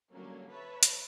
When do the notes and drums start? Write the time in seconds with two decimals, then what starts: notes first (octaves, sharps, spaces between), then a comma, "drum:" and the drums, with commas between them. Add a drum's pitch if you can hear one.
0.13 D3 F#3 G3 A3 A#3 C#4
0.51 B4 C#5 E5 A5 B5
0.83 drum: hi-hat